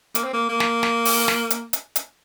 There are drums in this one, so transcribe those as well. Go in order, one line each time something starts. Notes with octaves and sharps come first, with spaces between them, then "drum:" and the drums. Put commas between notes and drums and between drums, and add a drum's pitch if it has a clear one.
A#3, drum: hi-hat
C4
A#3
A#3
drum: snare
drum: snare
drum: open hi-hat
drum: snare
drum: hi-hat
drum: hi-hat
drum: hi-hat